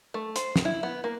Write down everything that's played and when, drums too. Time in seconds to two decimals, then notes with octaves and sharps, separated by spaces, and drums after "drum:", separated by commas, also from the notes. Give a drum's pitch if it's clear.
0.14 A3
0.36 C5, drum: hi-hat
0.56 drum: snare
0.65 E4
0.83 B3
1.04 A#3